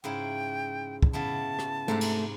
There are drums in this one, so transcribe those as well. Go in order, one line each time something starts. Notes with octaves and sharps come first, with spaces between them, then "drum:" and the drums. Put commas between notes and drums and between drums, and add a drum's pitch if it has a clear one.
G#2 C#3 E4 G5
drum: kick
C#3 B3 E4 A5
drum: rim click
G#2 C3 A3 A#5
drum: cymbal